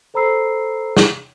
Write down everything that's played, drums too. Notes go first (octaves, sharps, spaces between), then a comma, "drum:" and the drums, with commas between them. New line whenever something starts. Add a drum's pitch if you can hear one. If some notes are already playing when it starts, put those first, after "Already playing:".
A4 C5 A#5 B5 E6 C7
drum: snare